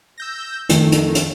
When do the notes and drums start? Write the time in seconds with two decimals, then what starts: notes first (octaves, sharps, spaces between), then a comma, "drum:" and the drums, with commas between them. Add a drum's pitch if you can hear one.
0.18 E6 G6 A#6
0.69 F2 D#3 A3, drum: hi-hat
0.92 drum: hi-hat
1.15 drum: hi-hat